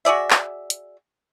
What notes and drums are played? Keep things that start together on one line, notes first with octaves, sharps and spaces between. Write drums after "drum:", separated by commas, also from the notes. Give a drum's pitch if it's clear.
F#4 G#4 D5 E5
drum: clap
drum: hi-hat